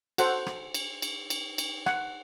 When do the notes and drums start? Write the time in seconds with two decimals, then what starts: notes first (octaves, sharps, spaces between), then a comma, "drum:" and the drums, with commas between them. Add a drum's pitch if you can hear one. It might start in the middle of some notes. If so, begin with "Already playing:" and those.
0.18 F#4 A4 C5 F#5, drum: cymbal
0.46 drum: rim click
0.74 drum: cymbal
1.02 drum: cymbal
1.30 drum: cymbal
1.58 drum: cymbal
1.86 F#5, drum: rim click